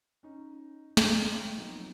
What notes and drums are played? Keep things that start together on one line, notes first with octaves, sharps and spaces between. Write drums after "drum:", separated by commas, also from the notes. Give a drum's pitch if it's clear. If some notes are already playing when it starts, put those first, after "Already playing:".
C#4 D#4
C#5 D#5 G5 A5 A#5 C6, drum: snare
F3 F#3 B3 C4 D#4